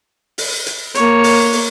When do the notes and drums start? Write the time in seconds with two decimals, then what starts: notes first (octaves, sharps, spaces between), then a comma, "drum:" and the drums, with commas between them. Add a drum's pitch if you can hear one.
0.38 drum: open hi-hat
0.66 drum: hi-hat
0.95 A#3 C#5, drum: hi-hat
1.24 drum: open hi-hat
1.52 drum: open hi-hat